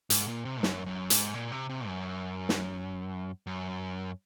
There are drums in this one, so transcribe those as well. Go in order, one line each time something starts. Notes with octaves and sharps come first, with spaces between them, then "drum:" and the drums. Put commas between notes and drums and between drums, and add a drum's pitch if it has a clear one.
G#2, drum: hi-hat
A#2
C3
F#2, drum: snare
F#2
G#2, drum: hi-hat
A#2
C3
C3
F#2
drum: snare
F#2